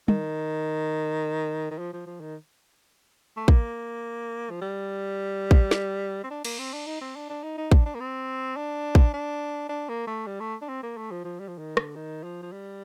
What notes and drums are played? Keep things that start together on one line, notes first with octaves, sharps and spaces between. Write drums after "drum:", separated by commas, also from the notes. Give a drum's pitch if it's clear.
D#3, drum: tom
D#3
F3
F3
F3
D#3
A3
A#3, drum: kick
F3
G3
drum: kick
drum: snare
C4
D4
A#3, drum: cymbal
C4
D4
D#4
C4
D4
D4
D#4
D#4
D4, drum: kick
D4
A#3
C4
D4
drum: kick
D4
D4
A#3
A3
G3
A3
D4
C4
A#3
A3
F3
F3
G3
F3
D#3
D3, drum: rim click
D#3
F3
F3
G3